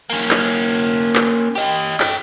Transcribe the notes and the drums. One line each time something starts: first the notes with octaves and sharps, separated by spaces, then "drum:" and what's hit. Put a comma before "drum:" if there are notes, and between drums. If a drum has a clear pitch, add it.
A#3 C#4
drum: clap
drum: clap
G4 D#5
A4 G5, drum: clap